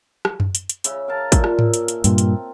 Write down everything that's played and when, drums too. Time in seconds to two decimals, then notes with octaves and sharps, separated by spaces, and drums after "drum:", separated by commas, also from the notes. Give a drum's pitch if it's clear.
0.25 drum: rim click
0.40 drum: tom F#2
0.55 drum: hi-hat
0.70 drum: hi-hat
0.84 C#3 E5, drum: hi-hat
1.08 A#4 F5 A5
1.32 A#2 E5, drum: kick, hi-hat
1.44 drum: rim click
1.59 drum: tom G#2
1.74 drum: hi-hat
1.88 drum: hi-hat
2.04 G2 A#2 C4, drum: hi-hat
2.18 drum: hi-hat